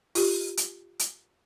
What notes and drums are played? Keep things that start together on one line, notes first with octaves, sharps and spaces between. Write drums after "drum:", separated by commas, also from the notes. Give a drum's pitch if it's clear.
F4 G4, drum: open hi-hat
drum: hi-hat
drum: hi-hat